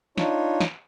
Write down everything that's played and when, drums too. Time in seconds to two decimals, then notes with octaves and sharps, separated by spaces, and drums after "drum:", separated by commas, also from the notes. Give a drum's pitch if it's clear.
0.18 D4 D#4 F4 C#5, drum: snare
0.60 drum: snare